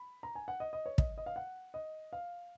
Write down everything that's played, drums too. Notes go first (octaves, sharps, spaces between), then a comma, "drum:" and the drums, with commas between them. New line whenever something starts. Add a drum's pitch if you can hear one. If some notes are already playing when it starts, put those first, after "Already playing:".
Already playing: B5
A#5
G#5
F#5
D#5
D#5
C#5
D#5, drum: kick
D#5
F5
F#5
D#5
F5